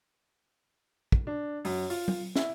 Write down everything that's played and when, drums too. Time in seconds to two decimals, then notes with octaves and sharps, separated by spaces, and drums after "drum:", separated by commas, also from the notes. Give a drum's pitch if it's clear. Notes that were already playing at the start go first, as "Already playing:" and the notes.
1.12 drum: kick
1.27 D4
1.65 F#2, drum: open hi-hat
1.90 F4, drum: open hi-hat
2.08 drum: tom F#3
2.36 E4, drum: snare